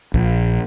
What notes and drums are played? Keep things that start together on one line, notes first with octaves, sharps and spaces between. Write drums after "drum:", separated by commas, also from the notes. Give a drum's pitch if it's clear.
A#1, drum: kick